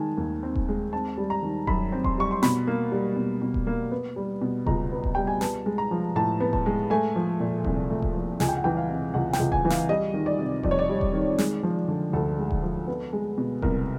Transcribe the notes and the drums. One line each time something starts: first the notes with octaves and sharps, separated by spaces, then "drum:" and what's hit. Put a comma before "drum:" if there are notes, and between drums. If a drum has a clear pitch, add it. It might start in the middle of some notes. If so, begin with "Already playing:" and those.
Already playing: D#3 G#3 G#5 A5
D#2
C4
drum: kick D#1
G#3
C4 A5
G3
A#5
D#3
F#2 B5, drum: kick D#1
C4
C6, drum: kick D#1
G3 C#6
C6
B2 B5, drum: snare
A#3
G3
B2
B2
drum: kick D#1
A#3
B3
G3
B2
C#2 A#5, drum: kick D#1
B3
drum: kick D#1
G3 G5
G#5
B3 A5, drum: snare
G#3
A#5
F3
A2 A5
B3
A5, drum: kick D#1
G#3
A3 G#5
F3
A#2
C2, drum: kick D#1
A3
drum: kick D#1
F3
C#2 G#5, drum: snare
G5
F#5
E3 G5
F5
C3
C#2 F#5
G5, drum: snare
C#2
G#5, drum: kick D#1
E3
F5, drum: snare
G3 D#5
D#3
D5
C3
F2 D5, drum: kick D#1
C#5
D5
G3
drum: kick D#1
D#3
G#3, drum: snare
F3
D3
D2 A4
G#3
drum: kick D#1
F3
B3
G#3
B2
C2 A#4, drum: kick D#1